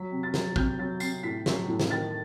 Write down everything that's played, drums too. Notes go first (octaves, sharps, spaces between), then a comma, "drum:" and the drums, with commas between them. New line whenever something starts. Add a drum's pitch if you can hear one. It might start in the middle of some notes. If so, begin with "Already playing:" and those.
Already playing: F#3 B6
C3
A6
F#3, drum: snare
C3 G6, drum: kick
F#3 A6
C3 C7, drum: tambourine
A2 B6
F#3, drum: snare
A2
drum: snare
D#3 A6